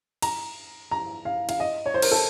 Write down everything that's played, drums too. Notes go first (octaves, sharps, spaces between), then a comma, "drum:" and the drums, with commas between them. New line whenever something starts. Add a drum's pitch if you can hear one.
A#5, drum: cymbal
A#5
F5
F5, drum: cymbal
D#5
C#5
C5
A#4, drum: cymbal
A4